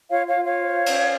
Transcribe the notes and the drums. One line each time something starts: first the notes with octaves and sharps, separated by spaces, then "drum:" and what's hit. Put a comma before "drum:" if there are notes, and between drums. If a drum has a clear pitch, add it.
F4 C#5 F5
C#5 F5
F4
C#5 F5
C5
C#4, drum: cymbal